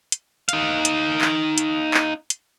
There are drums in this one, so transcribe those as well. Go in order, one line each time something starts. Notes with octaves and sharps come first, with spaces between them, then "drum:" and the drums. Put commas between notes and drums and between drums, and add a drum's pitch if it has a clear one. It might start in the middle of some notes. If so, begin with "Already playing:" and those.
drum: hi-hat
D#4 F5, drum: hi-hat
drum: hi-hat
drum: clap
drum: hi-hat
drum: clap
drum: hi-hat